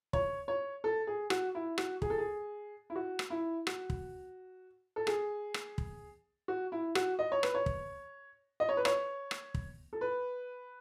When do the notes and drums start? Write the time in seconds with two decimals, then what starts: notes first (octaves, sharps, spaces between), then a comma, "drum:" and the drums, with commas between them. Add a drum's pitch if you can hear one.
0.13 C#5, drum: kick
0.48 C#5
0.84 A4
1.07 G#4
1.30 F#4, drum: rim click
1.55 E4
1.78 F#4, drum: rim click
2.02 G#4, drum: kick
2.10 A4
2.18 G#4
2.90 E4
2.95 F#4
3.19 drum: rim click
3.30 E4
3.67 F#4, drum: rim click
3.90 drum: kick
4.96 A4
5.07 G#4, drum: rim click
5.54 drum: rim click
5.78 drum: kick
6.48 F#4
6.72 E4
6.95 F#4, drum: rim click
7.19 D#5
7.32 C#5
7.43 B4, drum: rim click
7.55 C#5
7.66 drum: kick
8.60 D#5
8.69 C#5
8.77 B4
8.85 C#5, drum: rim click
9.31 drum: rim click
9.54 drum: kick
9.93 A4
10.01 B4